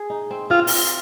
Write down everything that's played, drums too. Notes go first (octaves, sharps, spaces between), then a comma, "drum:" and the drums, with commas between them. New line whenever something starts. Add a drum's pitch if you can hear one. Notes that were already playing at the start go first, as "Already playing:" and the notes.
Already playing: G#4
D#4
C4
C4 F4
drum: open hi-hat